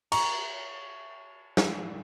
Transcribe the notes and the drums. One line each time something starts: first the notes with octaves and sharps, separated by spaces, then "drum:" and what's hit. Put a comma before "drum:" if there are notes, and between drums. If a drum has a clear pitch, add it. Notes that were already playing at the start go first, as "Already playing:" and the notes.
A#5 C#6, drum: cymbal
drum: snare